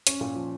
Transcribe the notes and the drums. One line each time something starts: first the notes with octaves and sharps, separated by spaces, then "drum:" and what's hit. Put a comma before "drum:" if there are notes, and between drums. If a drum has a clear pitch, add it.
C#4, drum: hi-hat
A#2
F3